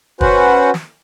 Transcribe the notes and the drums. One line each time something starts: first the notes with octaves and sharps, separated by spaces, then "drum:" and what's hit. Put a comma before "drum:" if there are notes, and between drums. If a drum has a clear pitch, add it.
C#4 F#4 B4 C5 F#5, drum: kick
drum: snare